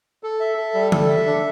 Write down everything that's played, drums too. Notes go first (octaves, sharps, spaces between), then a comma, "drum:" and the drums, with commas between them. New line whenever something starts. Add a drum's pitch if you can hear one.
A4
E5
A4
G3
A4, drum: tom D3
E5
D4